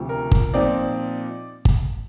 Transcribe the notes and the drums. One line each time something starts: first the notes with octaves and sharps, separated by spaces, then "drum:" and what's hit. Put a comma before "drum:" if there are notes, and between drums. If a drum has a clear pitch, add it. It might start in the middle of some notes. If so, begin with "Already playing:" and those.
Already playing: D2 C3 F3
A#4
drum: kick
A#2 F3 C4 D#4 D5
drum: kick